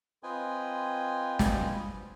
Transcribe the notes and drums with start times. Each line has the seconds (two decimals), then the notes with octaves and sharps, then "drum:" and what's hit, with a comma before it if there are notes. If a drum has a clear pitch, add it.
0.23 C4 F4 B4 D#5 G5 G#5
1.39 drum: snare